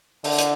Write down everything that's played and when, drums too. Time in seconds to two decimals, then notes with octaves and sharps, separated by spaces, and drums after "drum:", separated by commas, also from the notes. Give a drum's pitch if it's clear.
0.24 D3, drum: open hi-hat
0.38 drum: hi-hat